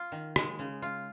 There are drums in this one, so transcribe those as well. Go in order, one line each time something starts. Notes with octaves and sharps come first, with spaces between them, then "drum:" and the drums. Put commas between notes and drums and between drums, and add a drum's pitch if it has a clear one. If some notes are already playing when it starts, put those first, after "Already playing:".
Already playing: F4
D#3
G#3, drum: rim click
C#3
F4